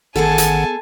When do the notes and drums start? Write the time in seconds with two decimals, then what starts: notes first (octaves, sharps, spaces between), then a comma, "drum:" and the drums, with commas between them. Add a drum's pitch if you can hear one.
0.16 A1 D#3 B3 G#4 A4 F#5 G#5 A5
0.38 drum: hi-hat